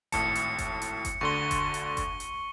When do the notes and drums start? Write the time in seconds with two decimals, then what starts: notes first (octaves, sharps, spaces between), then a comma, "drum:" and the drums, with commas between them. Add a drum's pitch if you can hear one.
0.12 G#1 A2 A5 C#7, drum: kick F#1, hi-hat
0.35 drum: hi-hat
0.59 drum: kick F#1, hi-hat
0.82 drum: hi-hat
1.05 drum: kick F#1, hi-hat
1.21 D2 D3 C6 C#6 G7
1.51 drum: kick F#1, hi-hat
1.74 drum: hi-hat
1.97 drum: kick F#1, hi-hat
2.20 drum: hi-hat